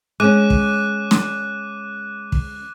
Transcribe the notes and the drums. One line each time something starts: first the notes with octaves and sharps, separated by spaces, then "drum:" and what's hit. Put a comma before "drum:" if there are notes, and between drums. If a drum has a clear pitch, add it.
G#3 C#4 D6 F#6 D#7
drum: kick
drum: snare
drum: kick